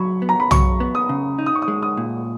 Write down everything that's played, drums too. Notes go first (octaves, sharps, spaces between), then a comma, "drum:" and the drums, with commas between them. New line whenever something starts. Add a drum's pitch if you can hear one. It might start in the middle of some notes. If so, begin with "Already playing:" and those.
Already playing: F#3 B5 C#6
B3
A#5
B5
F#3 C#6, drum: tom
B3
D#6
C#3
D#4
D#6
C#6
D#6
G#3
D#6
A#2